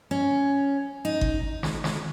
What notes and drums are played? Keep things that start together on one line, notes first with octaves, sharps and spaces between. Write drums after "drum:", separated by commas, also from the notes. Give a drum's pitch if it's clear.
C#4
D#4
drum: kick G1
drum: snare
drum: snare